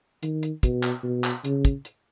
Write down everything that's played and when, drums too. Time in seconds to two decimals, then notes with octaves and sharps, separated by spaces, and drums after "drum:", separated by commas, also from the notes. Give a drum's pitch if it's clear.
0.23 D#3, drum: hi-hat
0.43 drum: hi-hat
0.63 B2, drum: kick, hi-hat
0.83 drum: clap
1.03 B2
1.24 drum: clap
1.45 C#3, drum: hi-hat
1.65 drum: kick, hi-hat
1.85 drum: hi-hat